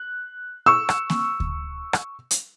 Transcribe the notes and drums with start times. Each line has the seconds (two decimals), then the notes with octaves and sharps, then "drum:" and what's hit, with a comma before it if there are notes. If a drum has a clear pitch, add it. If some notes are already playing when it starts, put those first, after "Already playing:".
Already playing: F#6
0.66 C#6 E6
0.89 drum: rim click
1.10 drum: snare A#3
1.40 drum: kick D2
1.93 drum: rim click
2.31 drum: hi-hat